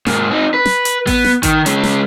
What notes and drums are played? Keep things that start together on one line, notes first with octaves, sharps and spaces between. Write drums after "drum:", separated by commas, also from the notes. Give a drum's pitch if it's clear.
G#2 A#3, drum: snare
C4 D#4
B4
drum: snare
drum: hi-hat
B3, drum: kick A1, open hi-hat
drum: snare
D#3, drum: kick A1, hi-hat
G#3 C#4, drum: hi-hat
drum: snare